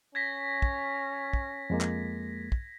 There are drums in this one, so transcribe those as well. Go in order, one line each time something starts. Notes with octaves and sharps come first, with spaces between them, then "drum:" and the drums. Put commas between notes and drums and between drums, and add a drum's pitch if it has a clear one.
C#4 G#6 A#6 B6
drum: kick
drum: kick
F2 G#3 A#3
drum: clap
drum: kick